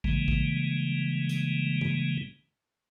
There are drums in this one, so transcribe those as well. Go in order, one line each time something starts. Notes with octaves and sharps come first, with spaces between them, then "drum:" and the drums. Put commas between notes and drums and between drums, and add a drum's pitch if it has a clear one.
C#3 E3 G3 G#3 A#3, drum: kick A1
drum: kick A1
drum: hi-hat
drum: tom G#2